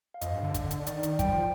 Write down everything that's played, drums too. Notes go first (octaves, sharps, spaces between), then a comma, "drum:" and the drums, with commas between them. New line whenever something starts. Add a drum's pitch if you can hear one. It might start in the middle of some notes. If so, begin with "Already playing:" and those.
F5
F2 D#5, drum: hi-hat
G2
D3
drum: kick, hi-hat
drum: hi-hat
D#3 D5, drum: hi-hat
drum: hi-hat
G3 G5, drum: kick, hi-hat
F3